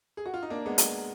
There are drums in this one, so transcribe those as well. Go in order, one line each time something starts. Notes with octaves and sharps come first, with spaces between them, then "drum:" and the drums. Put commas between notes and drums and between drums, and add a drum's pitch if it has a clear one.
G#4
F#4
F4
D#4
A#3 D4
G#3 B3
drum: hi-hat